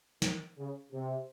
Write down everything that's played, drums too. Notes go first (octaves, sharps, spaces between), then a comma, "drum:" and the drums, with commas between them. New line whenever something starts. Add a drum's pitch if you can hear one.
D#3, drum: snare
C#3
C3